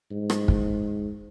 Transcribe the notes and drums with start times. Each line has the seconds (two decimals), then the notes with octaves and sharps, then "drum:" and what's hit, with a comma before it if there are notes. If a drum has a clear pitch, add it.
0.11 G#2
0.30 drum: rim click
0.48 drum: kick